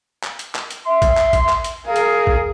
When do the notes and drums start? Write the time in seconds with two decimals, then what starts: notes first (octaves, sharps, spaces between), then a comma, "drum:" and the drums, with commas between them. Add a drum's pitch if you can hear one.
0.24 drum: clap
0.39 drum: hi-hat
0.55 drum: clap
0.71 drum: hi-hat
0.86 E5 C6
1.02 drum: kick A1, hi-hat
1.17 drum: clap
1.33 drum: kick A1, hi-hat
1.49 drum: clap
1.64 drum: hi-hat
1.87 G#4 A#4 F5
1.96 drum: hi-hat
2.27 drum: kick A1